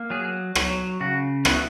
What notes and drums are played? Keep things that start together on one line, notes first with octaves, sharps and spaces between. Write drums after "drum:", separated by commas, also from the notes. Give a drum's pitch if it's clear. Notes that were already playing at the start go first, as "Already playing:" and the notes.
Already playing: A#3
F#3 G#4
F#3, drum: rim click
C#3 F#4
B3 E4, drum: rim click
F#4